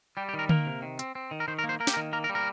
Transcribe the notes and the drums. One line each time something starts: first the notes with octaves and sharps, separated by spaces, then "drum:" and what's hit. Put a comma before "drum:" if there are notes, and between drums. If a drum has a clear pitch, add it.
G3 G4
G4
D#3
A#4
A#3 A#4, drum: tom D3
C3
D#3
C4, drum: hi-hat
C4
D#3
A#4
D#3 C5
A#4
A#3
C5
A#3 A#4
G4, drum: snare
A#4
D#3
A#3 A#4
A#4
G3
A#4